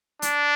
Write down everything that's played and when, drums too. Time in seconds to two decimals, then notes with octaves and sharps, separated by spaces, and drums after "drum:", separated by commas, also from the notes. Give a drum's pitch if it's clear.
0.22 D4, drum: hi-hat